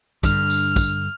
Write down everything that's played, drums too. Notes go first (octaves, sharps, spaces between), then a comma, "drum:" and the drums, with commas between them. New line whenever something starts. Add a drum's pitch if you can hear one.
G2 D3 F6, drum: kick, tambourine
drum: tambourine
drum: kick, tambourine